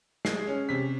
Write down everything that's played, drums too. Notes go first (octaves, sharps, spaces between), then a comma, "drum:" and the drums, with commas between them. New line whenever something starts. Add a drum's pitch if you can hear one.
G#3 C7, drum: snare
C#4
C3 B6